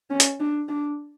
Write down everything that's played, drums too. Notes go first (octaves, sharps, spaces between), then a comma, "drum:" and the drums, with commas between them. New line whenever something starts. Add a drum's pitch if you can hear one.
C#4
drum: hi-hat
D4
D4